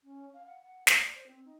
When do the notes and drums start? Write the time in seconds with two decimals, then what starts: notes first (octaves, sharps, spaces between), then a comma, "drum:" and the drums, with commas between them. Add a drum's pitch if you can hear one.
0.03 C#4
0.33 F5
0.46 F#5
0.63 F#5
0.87 A3, drum: snare
1.00 D5
1.15 C5
1.26 C4
1.45 D#4